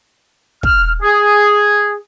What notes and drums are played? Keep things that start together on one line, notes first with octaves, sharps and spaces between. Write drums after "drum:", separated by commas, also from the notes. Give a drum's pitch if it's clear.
F6, drum: kick
G#4